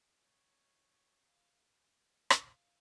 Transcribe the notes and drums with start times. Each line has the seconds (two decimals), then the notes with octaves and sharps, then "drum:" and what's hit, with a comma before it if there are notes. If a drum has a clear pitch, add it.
0.23 C#5
1.28 F5
2.30 F5, drum: rim click